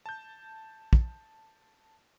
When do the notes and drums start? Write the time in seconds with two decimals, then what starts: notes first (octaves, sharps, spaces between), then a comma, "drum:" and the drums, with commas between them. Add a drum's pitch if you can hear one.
0.06 A5 G6
0.93 drum: kick